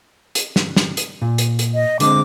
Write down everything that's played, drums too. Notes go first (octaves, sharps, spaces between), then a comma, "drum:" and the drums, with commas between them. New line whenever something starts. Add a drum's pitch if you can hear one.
drum: hi-hat
drum: snare
drum: snare
drum: hi-hat
A#2
drum: hi-hat
drum: hi-hat
D#5
D3 G#3 C4 D6, drum: hi-hat